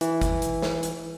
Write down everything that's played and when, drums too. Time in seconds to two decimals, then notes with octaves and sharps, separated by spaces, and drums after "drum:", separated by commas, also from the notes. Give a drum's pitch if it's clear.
0.01 E3, drum: hi-hat
0.22 drum: kick G1, hi-hat
0.42 drum: hi-hat
0.62 drum: snare
0.83 drum: hi-hat